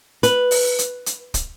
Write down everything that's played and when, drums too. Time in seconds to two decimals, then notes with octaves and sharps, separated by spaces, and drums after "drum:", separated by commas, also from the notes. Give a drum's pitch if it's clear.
0.23 B4, drum: hi-hat
0.51 drum: open hi-hat
0.79 drum: hi-hat
1.06 drum: hi-hat
1.34 drum: kick, hi-hat